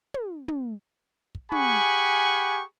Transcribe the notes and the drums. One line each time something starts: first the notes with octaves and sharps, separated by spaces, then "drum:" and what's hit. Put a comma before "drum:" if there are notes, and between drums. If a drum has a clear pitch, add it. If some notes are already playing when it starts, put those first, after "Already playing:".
drum: tom
drum: tom
drum: kick
G4 G#4 F#5 G#5 B5 C#6, drum: tom